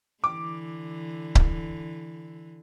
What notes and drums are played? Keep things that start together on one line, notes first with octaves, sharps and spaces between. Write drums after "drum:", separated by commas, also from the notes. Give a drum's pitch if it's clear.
D3 E3 D6
drum: kick C#1